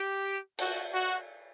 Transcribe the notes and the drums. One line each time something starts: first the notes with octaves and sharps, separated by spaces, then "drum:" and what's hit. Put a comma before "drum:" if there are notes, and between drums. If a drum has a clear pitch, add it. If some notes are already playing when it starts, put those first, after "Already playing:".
Already playing: G4
F#4, drum: cymbal
F#4